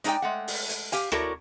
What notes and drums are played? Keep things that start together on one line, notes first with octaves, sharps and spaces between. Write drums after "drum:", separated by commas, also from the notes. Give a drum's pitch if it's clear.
G#3 D#4 D5 D#5 G5, drum: hi-hat
G#3 A3 F#5
drum: open hi-hat
drum: hi-hat
G4 F5 G#5, drum: hi-hat
E4 F#4 A4 A#4 C#5 D5, drum: rim click